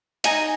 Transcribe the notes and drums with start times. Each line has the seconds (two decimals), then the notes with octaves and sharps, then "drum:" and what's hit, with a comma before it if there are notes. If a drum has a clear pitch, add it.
0.24 D#4 G#5 A#5, drum: hi-hat